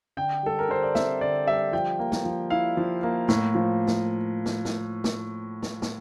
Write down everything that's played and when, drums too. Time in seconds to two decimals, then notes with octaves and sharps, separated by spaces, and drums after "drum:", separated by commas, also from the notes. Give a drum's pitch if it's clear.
0.17 D3 G5
0.43 G3 A4
0.59 A#4
0.68 D3 C5
0.83 D5
0.95 C4 E5, drum: snare
1.21 D3 D5
1.46 G3 E5
1.73 F3 G5
1.99 A#3
2.12 drum: snare
2.25 F3
2.50 E4 F5
2.77 F3
3.03 A#3
3.28 A2, drum: snare
3.55 F3
3.87 drum: snare
4.46 drum: snare
4.65 drum: snare
5.04 drum: snare
5.63 drum: snare
5.82 drum: snare